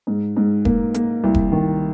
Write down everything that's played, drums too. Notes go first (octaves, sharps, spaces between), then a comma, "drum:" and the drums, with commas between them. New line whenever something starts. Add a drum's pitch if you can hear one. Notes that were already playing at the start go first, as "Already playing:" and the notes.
G#2
G#2
A#3, drum: kick E1
A#3, drum: hi-hat
C2
drum: kick E1
D#3